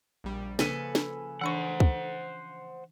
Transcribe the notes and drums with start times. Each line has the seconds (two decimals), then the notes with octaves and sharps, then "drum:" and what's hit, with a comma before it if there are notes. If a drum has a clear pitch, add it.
0.24 A#1 G3
0.59 C#3 F3 A#3 A4 B4 G#5, drum: snare
0.95 drum: snare
1.41 E3 D4 C5 F#5 C#6
1.80 drum: kick